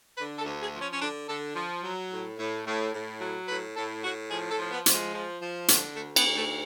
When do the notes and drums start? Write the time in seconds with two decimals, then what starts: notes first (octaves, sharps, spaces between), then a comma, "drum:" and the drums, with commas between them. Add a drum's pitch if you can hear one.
0.18 D3 B4
0.39 A4
0.45 D2
0.60 G#4
0.73 F3
0.80 C#4
0.92 C#4
1.00 D3 D4
1.28 D3 A4
1.56 F3
1.83 F#3
2.11 A2
2.38 A2
2.66 A2
2.93 A2
3.21 F#3
3.48 A2 B4
3.76 A2 A4
4.03 A2 F#4
4.31 F3 G#4
4.51 A4
4.58 F3
4.72 B3
4.86 F3, drum: hi-hat
4.93 G#3
5.13 F3
5.41 F3
5.68 D3, drum: hi-hat
5.96 D2 A3
6.16 B3, drum: cymbal
6.24 D2
6.37 A3